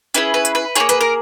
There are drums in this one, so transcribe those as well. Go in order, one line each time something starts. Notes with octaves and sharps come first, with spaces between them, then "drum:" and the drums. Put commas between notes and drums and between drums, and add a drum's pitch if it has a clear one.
C#4 E4 G#4 B4, drum: hi-hat
B4
drum: hi-hat
B4
A#3 D#4 G#4 C#5, drum: hi-hat
B4, drum: hi-hat
A#4